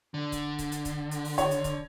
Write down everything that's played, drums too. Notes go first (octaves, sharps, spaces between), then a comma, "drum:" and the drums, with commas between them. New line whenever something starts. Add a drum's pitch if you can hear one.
D3
drum: kick C#1, hi-hat
drum: kick C#1, hi-hat
drum: hi-hat
drum: kick C#1, hi-hat
drum: hi-hat
drum: open hi-hat
C#5, drum: kick C#1, hi-hat
drum: hi-hat
drum: kick C#1, hi-hat